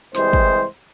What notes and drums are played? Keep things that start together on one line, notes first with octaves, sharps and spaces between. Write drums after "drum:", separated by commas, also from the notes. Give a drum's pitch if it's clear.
C2 E3 G3 G#3 C5, drum: snare
drum: kick